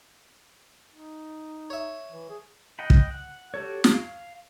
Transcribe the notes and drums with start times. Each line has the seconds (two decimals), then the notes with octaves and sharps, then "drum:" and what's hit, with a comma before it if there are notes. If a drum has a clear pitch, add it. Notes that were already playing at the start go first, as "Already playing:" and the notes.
0.93 D#4
1.70 C#5 E5
2.11 E3
2.30 G#4
2.79 D#5 F#5 G5 B5
2.90 drum: kick
3.11 F#5
3.54 F#4 G4 A4 C#5
3.84 drum: snare
3.94 F5